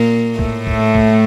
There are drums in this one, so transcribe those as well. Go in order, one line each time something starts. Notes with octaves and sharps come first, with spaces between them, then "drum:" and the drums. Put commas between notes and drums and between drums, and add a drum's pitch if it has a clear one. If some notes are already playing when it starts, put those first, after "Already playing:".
Already playing: A#2 A#3
A2 A3, drum: kick
drum: kick
drum: kick